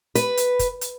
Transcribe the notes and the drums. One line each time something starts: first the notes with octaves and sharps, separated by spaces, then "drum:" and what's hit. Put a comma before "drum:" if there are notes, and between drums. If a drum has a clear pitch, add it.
B4, drum: hi-hat
drum: hi-hat
drum: kick, hi-hat
drum: hi-hat